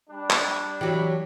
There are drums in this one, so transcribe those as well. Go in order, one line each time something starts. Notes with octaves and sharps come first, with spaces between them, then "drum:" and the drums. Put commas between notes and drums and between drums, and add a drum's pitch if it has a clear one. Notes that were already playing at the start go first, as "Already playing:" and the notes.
G3 D4
drum: clap
E3 F#3 G4